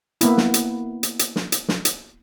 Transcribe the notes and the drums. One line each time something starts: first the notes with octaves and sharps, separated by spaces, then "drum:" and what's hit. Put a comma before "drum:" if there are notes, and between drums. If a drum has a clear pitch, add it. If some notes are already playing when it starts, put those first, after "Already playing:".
A#3 B3 E4, drum: hi-hat
drum: snare
drum: hi-hat
drum: hi-hat
drum: hi-hat
drum: snare
drum: hi-hat
drum: snare
drum: hi-hat